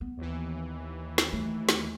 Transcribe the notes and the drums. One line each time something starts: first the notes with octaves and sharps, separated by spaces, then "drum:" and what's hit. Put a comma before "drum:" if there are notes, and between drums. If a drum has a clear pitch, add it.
B3
D#2 E3
drum: snare
A3
drum: snare